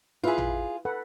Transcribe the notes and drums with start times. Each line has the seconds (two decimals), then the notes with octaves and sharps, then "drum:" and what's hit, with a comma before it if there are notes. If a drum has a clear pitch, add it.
0.24 E4 F4 G#4 B4 E5
0.38 drum: tom
0.85 A4 B4 F#5